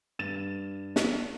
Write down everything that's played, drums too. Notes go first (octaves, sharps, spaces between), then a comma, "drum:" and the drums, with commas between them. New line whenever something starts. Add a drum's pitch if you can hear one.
G2 A6 E7
drum: snare